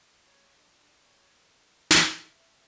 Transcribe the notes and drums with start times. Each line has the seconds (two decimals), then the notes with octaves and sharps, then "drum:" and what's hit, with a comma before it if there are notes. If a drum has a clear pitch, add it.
0.23 C#5
0.53 D4
0.99 C#5
1.37 A#4
1.91 A4, drum: snare
2.21 E5